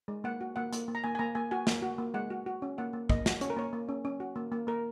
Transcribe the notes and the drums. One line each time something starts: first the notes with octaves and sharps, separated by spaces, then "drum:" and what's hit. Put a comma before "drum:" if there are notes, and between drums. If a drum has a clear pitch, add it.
G#3
A#3 F#5
F#4
A#3 F#5
A#3, drum: hi-hat
A#3
A#5
A#3 G#5
G#5
A#3 A#5
A#3 G#5
F#4 G#5
A#3, drum: snare
F#4
A#3
G#3 F#5
F#4
F#4
C#4
A#3 F#5
A#3
A#3 D#5, drum: kick A#1
F#4, drum: snare
C#4 C#5, drum: hi-hat
A#4
A#3 C#5
A#3
C#4
C#4
F#4
A#3
A#3
A#3 A#4